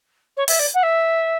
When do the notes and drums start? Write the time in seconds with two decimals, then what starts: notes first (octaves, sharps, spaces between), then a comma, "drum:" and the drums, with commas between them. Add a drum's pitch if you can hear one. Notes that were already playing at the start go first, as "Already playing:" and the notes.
0.37 C#5
0.48 E5, drum: open hi-hat
0.59 D5
0.74 F#5
0.83 E5